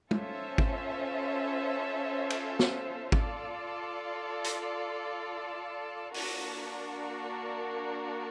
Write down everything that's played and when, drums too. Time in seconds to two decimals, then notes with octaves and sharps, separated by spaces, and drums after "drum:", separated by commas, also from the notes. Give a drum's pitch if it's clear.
0.11 C#4 F4 A4 C5 E5, drum: tom
0.58 drum: kick G#1
2.30 drum: cymbal
2.59 drum: snare
3.12 F4 A4 D5, drum: kick G#1
4.44 drum: hi-hat
6.14 A#3 D4 F#4 A#4, drum: open hi-hat